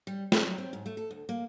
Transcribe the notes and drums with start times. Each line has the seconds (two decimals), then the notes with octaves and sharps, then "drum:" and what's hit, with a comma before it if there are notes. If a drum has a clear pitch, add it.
0.07 G3
0.32 C4, drum: snare
0.47 F#3
0.58 C4
0.73 G#2
0.86 A3
0.97 A4
1.11 D2
1.29 A#3